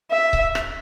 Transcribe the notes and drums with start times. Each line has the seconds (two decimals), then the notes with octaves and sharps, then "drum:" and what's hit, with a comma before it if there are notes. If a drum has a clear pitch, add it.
0.11 E5
0.33 drum: kick C#1
0.55 drum: rim click